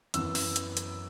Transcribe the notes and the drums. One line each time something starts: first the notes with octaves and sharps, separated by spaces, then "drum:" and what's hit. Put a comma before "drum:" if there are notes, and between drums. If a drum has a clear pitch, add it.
F#2 E3 B3 E6, drum: hi-hat
E6, drum: open hi-hat
drum: hi-hat
drum: hi-hat